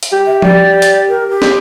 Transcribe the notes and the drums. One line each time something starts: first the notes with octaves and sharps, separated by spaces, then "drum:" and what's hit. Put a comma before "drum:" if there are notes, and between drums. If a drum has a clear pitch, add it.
drum: hi-hat
G4
E5
D5, drum: tom F3
drum: hi-hat
A#4
G4
drum: snare